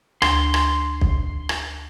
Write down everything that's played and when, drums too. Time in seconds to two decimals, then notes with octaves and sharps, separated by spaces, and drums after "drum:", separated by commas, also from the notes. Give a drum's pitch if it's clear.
0.22 D2 C6, drum: rim click
0.54 drum: rim click
1.01 drum: kick B1
1.49 drum: rim click